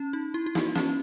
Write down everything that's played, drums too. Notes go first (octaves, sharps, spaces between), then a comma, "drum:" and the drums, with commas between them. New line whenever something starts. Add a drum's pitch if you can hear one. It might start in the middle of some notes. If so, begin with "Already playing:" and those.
Already playing: C#4
D#4
E4
E4
D#4, drum: snare
C#4, drum: snare